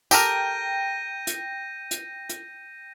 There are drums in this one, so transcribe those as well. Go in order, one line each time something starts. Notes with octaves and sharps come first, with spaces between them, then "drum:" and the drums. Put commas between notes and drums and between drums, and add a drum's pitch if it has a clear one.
G4 A4 A#4 G5 G6 A#6 D#7, drum: tambourine
drum: hi-hat
drum: hi-hat
drum: hi-hat